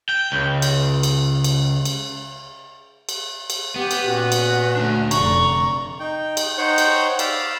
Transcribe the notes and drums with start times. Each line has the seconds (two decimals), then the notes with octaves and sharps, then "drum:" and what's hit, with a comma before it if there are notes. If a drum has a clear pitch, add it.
0.09 G5
0.32 C#2
0.62 drum: cymbal
1.03 drum: cymbal
1.44 drum: cymbal
1.85 drum: cymbal
3.09 drum: cymbal
3.50 drum: cymbal
3.76 B3 G4
3.91 drum: cymbal
4.05 A#2 C#4 F#4
4.32 drum: cymbal
4.77 A3 D4
5.11 F1 D3 A#5 C#6, drum: cymbal
6.00 D#4 G5
6.37 drum: cymbal
6.58 D#4 C5 C#5 F#5 G5 C#6
6.78 drum: cymbal
7.19 D5 F5 B5 E6, drum: cymbal